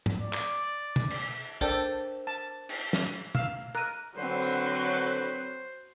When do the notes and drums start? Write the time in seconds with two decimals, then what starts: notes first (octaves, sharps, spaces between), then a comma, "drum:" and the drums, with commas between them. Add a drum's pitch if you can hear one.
0.06 drum: tom
0.20 D5
0.33 drum: clap
0.96 drum: tom
1.10 drum: cymbal
1.61 D4 A4 A#4 C5 D5 G5, drum: kick
2.27 A5
2.69 drum: cymbal
2.93 drum: snare
3.35 F5 E6, drum: tom
3.75 A#4 F#6 D#7
4.17 D3 F#3 C4 B4 C5
4.42 drum: tambourine